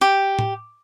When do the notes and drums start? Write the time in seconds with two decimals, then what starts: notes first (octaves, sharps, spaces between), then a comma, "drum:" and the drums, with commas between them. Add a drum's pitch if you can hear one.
0.01 G4
0.39 drum: tom A2